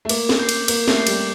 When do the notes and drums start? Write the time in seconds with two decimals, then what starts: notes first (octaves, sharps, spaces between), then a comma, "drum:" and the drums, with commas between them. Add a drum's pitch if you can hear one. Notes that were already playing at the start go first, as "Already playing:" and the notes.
0.05 A3
0.09 A#3 D6, drum: cymbal
0.29 drum: snare
0.39 G6 C7
0.49 drum: cymbal
0.68 A#3 D6, drum: cymbal
0.88 A3, drum: snare
0.97 G6 C7
1.07 G3, drum: cymbal